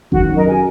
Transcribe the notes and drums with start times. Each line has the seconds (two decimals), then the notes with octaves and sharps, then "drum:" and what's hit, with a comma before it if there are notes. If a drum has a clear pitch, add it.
0.12 D#3 F#4, drum: kick F#1
0.29 F#2
0.35 A#4 D#5
0.46 F#4 G#5